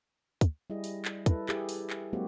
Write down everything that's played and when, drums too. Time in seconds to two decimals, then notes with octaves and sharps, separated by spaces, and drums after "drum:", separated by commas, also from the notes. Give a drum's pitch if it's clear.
0.41 drum: kick, hi-hat
0.70 G3 E4 G#4 D#5
0.84 drum: open hi-hat
1.05 drum: clap
1.26 E4 A4 B4, drum: kick, hi-hat
1.49 E4 G4 G#4, drum: clap
1.69 drum: open hi-hat
1.90 drum: clap
2.13 F#3 G#3 A#3 C4 F#4 G4